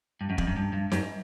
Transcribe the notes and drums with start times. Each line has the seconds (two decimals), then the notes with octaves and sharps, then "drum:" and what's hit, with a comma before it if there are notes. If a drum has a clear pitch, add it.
0.21 G2
0.30 F#2
0.38 F2, drum: kick
0.47 F#2
0.57 G2
0.73 G2
0.92 F#2, drum: snare D#4